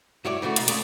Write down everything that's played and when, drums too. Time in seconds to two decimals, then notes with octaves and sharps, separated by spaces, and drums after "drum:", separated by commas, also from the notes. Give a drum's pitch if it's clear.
0.25 G2 E4 F#4 C#5 D5
0.42 C#3 E3 A3 F#4
0.56 B1 B2 F#3 D#5 F5 B5, drum: hi-hat
0.68 F2 C#3 F3 G#3 G#4 D5, drum: hi-hat